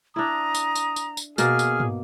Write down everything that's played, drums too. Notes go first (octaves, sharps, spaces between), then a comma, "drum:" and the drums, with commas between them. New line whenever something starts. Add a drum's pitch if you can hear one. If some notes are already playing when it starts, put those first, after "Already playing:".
D4 E4 A#5 D#6
drum: tambourine
drum: tambourine
drum: tambourine
drum: tambourine
B2 A#3 G#4 F6, drum: tambourine
drum: tambourine
drum: tom